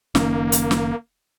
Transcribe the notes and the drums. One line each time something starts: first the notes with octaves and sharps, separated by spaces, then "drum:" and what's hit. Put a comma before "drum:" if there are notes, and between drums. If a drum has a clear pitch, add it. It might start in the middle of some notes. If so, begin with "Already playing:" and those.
F#1 D#3 A#3 C#4, drum: snare
drum: hi-hat
drum: snare